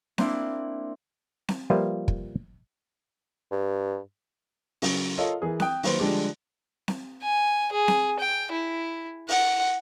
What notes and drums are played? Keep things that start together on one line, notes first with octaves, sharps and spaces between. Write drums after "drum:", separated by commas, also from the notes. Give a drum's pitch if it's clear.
A#3 C4 D4 E4, drum: snare C4
drum: snare C4
F3 G3 A#3 F4 B4 E5
drum: kick
G2
C#3 F#3, drum: open hi-hat
F4 A4 A#4 C#5 D#5 F5
E3 G#4 A#4
G5 D#6 F#6, drum: snare C4
D#3 F#3 A#3 B4 C5, drum: open hi-hat
D3 F3 G3 G#3 D4 G4
drum: snare C4
G#5
G#4
drum: snare C4
G5
E4
F#5, drum: open hi-hat